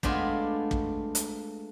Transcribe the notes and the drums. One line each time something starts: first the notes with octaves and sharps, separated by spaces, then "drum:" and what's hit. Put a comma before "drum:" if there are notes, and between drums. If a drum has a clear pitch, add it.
G#3 A3 B3 D4 F4 G#5, drum: kick
drum: kick
drum: hi-hat